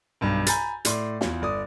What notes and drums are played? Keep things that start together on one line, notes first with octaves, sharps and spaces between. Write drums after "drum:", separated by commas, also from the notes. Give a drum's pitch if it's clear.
B1 G2
G#5 A#5 B5 G6 A6, drum: hi-hat
A2 D5 C6, drum: hi-hat
E2 F4, drum: snare
G1 D5 D#6